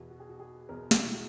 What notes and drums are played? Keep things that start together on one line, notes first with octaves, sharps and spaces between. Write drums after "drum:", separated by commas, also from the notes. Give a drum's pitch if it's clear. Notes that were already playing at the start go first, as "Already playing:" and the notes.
Already playing: E2 B2 F#4
F#4
G#4
F#4
G#4
E2 B2 A#4
drum: snare
E4
F#4